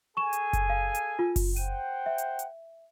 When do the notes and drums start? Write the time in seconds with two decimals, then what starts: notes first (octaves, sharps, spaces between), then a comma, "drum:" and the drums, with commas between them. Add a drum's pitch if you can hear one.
0.17 G#4 A4 G#5 C#6 E7
0.33 drum: hi-hat
0.53 drum: kick F#1, hi-hat
0.70 F5
0.95 drum: hi-hat
1.19 F4
1.36 drum: kick F#1, open hi-hat
1.56 C5 F#5 G5 D#7, drum: hi-hat
2.06 E5
2.18 drum: hi-hat
2.39 drum: hi-hat